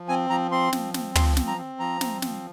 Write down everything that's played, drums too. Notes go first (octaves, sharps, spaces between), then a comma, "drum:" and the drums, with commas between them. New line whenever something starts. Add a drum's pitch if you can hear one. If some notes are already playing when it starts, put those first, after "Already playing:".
Already playing: F3
C4 G#5
F3 A#5
C4 C6
F3, drum: snare
C4, drum: snare
F3 C6, drum: tom
C4, drum: snare
A#5
C4
F3 A#5
C4, drum: snare
F3, drum: snare